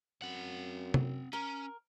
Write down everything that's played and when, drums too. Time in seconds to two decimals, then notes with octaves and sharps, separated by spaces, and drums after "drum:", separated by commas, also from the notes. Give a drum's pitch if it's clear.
0.22 F#2 C4 F#5
0.94 drum: tom C3
1.33 C#4 A#4